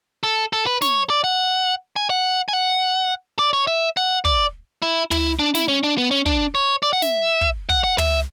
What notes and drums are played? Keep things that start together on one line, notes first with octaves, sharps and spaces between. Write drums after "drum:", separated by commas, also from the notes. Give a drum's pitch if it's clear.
A4
A4
B4
C#5, drum: snare
D5
F#5
G#5
F#5
G#5
F#5
D5
C#5
E5
F#5
D5, drum: kick
E4
E4, drum: tom
D4
E4, drum: snare
C#4
D4
B3
C#4
D4, drum: kick
C#5
D5
F#5
E5, drum: snare
drum: kick
F#5, drum: kick
F#5
E5, drum: tom